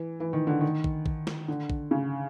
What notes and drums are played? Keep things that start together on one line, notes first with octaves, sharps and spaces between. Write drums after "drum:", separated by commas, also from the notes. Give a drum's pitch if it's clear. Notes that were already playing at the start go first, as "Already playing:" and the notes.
Already playing: E3
E3
D#3
D3
D#3
drum: kick
drum: kick
drum: snare
D3
drum: kick
C#3